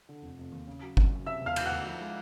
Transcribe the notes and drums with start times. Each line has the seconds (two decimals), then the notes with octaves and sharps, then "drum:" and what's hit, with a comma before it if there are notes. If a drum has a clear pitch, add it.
0.09 D3
0.22 F1
0.38 F1
0.52 D#2
0.67 C#3
0.82 F#3
0.97 F#1, drum: kick G1
1.11 F#2
1.26 C3 E5 E6
1.41 E1
1.46 F5 F6
1.56 E1 G6, drum: cymbal
1.66 F#5 F#6
1.71 D2
1.86 F3
2.01 G#3